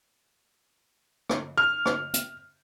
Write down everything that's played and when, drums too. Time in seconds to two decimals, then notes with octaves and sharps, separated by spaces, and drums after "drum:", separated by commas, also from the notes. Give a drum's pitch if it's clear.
1.29 drum: rim click
1.58 F6
1.86 drum: rim click
2.14 drum: hi-hat